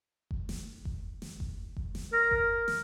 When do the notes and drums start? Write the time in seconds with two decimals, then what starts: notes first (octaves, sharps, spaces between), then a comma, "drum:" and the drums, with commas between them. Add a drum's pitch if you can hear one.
0.31 drum: kick F#1
0.49 drum: snare
0.85 drum: kick F#1
1.22 drum: snare
1.40 drum: kick F#1
1.77 drum: kick F#1
1.95 drum: snare
2.13 A#4
2.31 drum: kick F#1
2.68 drum: snare